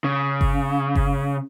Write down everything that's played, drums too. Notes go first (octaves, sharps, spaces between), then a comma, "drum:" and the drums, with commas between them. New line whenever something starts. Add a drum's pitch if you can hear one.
C#3
drum: kick G1
drum: kick G1